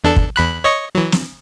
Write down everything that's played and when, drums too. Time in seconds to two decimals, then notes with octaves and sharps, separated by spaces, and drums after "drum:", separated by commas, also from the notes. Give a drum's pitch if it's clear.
0.04 E2 D4 A4
0.16 drum: kick
0.36 E2 B5 F#6
0.64 C#5 D#5 C#6
0.95 E3 F#3
1.12 drum: snare